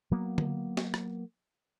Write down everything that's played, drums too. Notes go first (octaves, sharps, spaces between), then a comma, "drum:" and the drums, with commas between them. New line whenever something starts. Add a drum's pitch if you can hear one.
F#3 A#3 B3
drum: tom D3
drum: snare
drum: rim click